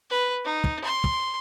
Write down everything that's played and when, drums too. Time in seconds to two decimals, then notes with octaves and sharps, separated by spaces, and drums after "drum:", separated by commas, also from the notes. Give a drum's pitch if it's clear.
0.10 B4
0.45 D#4
0.64 drum: kick
0.84 C6
1.04 drum: kick